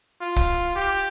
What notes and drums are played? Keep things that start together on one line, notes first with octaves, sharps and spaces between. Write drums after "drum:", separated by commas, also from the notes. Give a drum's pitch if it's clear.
F4
drum: kick
G4